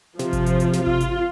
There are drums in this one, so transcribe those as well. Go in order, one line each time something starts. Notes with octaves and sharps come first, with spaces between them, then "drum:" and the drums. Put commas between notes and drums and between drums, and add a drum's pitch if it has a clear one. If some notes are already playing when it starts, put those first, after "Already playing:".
C3 F3, drum: snare
drum: kick G#1, hi-hat
drum: hi-hat
drum: hi-hat
drum: snare
F4, drum: kick G#1
drum: hi-hat